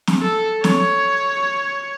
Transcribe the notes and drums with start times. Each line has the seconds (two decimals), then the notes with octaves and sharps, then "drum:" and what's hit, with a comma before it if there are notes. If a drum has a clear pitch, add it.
0.07 drum: snare
0.22 A4
0.64 C#5, drum: snare